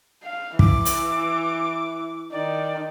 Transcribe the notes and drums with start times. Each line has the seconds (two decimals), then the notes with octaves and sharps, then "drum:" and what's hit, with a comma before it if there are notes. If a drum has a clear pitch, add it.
0.24 F5
0.59 E3 D6, drum: kick
0.85 drum: hi-hat
2.32 D#3 D5